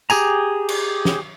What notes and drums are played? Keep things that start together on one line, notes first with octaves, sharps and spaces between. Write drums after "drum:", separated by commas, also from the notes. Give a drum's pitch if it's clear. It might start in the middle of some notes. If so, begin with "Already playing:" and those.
G4 G#4 G#5 A#5, drum: tambourine
drum: cymbal
drum: snare